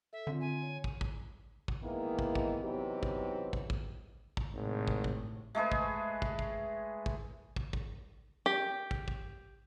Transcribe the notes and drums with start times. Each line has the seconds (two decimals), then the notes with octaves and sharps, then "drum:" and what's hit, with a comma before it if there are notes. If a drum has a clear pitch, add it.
0.13 A4 E5
0.27 D3 C4 F4
0.41 G#5
0.62 C#5
0.84 drum: kick
1.01 drum: kick
1.68 drum: kick
1.84 D#3 E3 G#3 A#3 B3 E4
2.19 drum: kick
2.35 drum: kick
2.62 C3 E3 F#3 B3 D#4 G4
3.03 drum: kick
3.53 drum: kick
3.70 drum: kick
4.37 drum: kick
4.54 G#1 A2 C3
4.88 drum: kick
5.04 drum: kick
5.55 G#3 A3 G#4 B4
5.72 drum: kick
6.22 drum: kick
6.39 drum: kick
7.06 drum: kick
7.56 drum: kick
7.73 drum: kick
8.46 G4
8.91 drum: kick
9.08 drum: kick